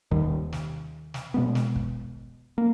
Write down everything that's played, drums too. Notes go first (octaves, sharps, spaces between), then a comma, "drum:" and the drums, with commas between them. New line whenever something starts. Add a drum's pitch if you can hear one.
D#2 D#3 G3, drum: kick
drum: snare
drum: snare
B2 G#3 B3
drum: snare
drum: kick
A#3